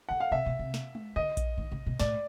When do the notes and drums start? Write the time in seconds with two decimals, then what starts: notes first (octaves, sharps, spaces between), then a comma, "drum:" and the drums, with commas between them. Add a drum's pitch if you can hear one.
0.09 D3 F#5
0.20 F5
0.31 C3 E5
0.46 B2
0.59 C3
0.74 drum: snare
0.95 drum: tom G#3
1.16 D3 D#5
1.37 drum: kick A#1, hi-hat
1.58 D#3
1.72 C#3
1.86 B2
2.00 A2 D5, drum: snare